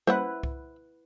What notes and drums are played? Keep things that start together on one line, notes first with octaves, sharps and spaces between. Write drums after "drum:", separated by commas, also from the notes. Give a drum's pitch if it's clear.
G3 A#3 C#4 E4 B4 C5 E5 F#5
drum: kick C2